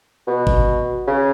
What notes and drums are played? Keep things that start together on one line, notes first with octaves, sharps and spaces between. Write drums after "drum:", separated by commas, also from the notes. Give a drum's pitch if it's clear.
B2
drum: kick G1
C#3